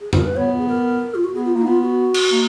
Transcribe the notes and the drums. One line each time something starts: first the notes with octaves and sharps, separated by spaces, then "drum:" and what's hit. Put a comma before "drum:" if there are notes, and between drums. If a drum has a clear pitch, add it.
G#4
A#4, drum: tom F2
B4
B3 C#5
G#4
A#4
F4
F#4
B3 G#4
F4
A#3 F4
D#4
B3 F4
F#4
drum: cymbal
A#3